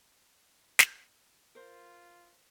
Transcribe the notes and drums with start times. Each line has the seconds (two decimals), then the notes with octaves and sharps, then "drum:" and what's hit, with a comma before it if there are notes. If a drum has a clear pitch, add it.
0.79 drum: snare
1.55 F4 A#4 C5